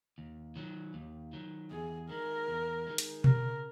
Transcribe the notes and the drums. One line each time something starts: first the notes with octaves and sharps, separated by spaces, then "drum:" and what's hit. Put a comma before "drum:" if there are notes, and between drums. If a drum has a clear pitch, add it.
D#2
D#3 F#3
D#2
D#3 F#3
E2 G#4
D#3 G#3 A#4
E2
D#3 G#3
drum: hi-hat
C#3 A#4, drum: tom B2